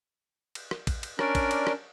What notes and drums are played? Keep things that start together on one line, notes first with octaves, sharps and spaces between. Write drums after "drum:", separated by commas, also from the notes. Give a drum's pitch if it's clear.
drum: cymbal
drum: rim click
drum: kick, cymbal
drum: cymbal
C#4 D4 A#4 D5, drum: rim click
drum: kick, cymbal
drum: cymbal
drum: rim click